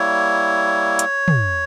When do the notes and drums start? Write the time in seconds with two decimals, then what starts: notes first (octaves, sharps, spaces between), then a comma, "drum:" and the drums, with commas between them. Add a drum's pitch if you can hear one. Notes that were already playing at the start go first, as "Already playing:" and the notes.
Already playing: G3 A#3 E4 C#5
0.99 drum: hi-hat
1.28 drum: tom